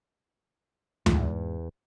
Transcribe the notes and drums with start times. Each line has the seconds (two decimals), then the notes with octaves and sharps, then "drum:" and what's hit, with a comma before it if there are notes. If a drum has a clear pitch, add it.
1.06 E2 G#2 F3 A3 F4, drum: tom D2